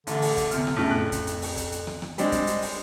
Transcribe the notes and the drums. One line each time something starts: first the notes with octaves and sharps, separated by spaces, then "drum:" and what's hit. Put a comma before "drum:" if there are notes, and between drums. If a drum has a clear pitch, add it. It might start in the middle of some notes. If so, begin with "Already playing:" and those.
A1 D3, drum: hi-hat
drum: open hi-hat
drum: kick, hi-hat
E2 C3 F6, drum: hi-hat
drum: rim click
F2 A2 C#3
F#6
drum: kick, hi-hat
drum: hi-hat
drum: open hi-hat
drum: kick, hi-hat
drum: hi-hat
drum: rim click
drum: rim click
G3 G#3 C4 D4, drum: hi-hat
drum: kick, hi-hat
drum: hi-hat
drum: open hi-hat